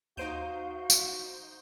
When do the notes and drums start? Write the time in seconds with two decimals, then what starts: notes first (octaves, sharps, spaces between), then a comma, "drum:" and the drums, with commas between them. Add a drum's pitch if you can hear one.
0.17 D#2 D#4 F#4 C5 F5 G6 D7 D#7
0.90 drum: tambourine